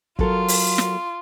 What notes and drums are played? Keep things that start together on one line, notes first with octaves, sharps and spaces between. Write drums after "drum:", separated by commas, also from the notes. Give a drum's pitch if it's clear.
F#3 F4 A4 A#4, drum: kick
drum: open hi-hat
drum: snare